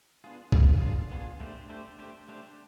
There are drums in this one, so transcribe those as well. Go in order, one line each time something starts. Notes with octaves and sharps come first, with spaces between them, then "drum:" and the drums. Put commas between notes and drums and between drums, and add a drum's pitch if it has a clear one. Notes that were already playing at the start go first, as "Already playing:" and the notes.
B3 D4 F4 G#4
B3 D4 F4 G#4, drum: kick
B3 D4 F4 G#4
B3 D4 F4 G#4
A3 D4 G4 C5
A3 D4 G4 C5
A3 D4 G4 C5
A3 D4 G4 C5